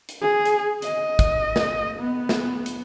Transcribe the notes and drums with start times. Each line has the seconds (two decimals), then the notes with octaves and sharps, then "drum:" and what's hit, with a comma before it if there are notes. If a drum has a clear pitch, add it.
0.09 drum: hi-hat
0.22 G#4
0.46 drum: hi-hat
0.82 D#5, drum: hi-hat
1.19 drum: kick, hi-hat
1.56 drum: snare
1.99 B3
2.29 drum: snare
2.66 drum: hi-hat